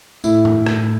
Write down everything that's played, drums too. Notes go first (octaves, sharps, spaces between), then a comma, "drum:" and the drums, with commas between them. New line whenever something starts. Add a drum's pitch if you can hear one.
A2 E4, drum: tambourine
drum: tom G2
A2, drum: rim click